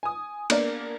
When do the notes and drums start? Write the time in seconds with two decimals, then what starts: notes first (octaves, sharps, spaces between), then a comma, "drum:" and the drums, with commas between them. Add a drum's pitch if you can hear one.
0.03 G#5 D#6
0.50 A#3 B3 D4 A#4 D5, drum: cymbal